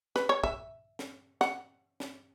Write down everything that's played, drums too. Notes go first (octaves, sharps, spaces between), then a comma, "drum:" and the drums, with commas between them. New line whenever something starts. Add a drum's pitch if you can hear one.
B4, drum: snare
C#5
E5, drum: kick
drum: snare
F#5, drum: snare
drum: snare